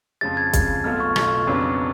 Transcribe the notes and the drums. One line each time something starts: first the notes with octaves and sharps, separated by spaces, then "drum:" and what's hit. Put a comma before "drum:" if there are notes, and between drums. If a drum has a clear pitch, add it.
F2 C#3 F3 G#3 A6
G#6
F2 C#3 F3 G#3, drum: kick B1, hi-hat
B1 B2 A3 F4 F6
C#6
B1 B2 A3 F4 C#6, drum: rim click
F2 C#3 F#3 B3 D4